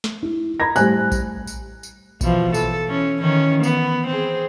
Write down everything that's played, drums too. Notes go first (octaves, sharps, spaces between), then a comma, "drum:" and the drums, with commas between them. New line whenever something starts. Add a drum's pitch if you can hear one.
drum: snare
E4
A#5 B5 G#6 A#6
A2 G3 C5 G#5 F#6, drum: tambourine
drum: kick A#1, tambourine
drum: tambourine
drum: tambourine
B2 E3 F3, drum: kick A#1, tambourine
A4, drum: tambourine
E3 C#4
D#3 E3 C#4
B3, drum: tambourine
C4 G#4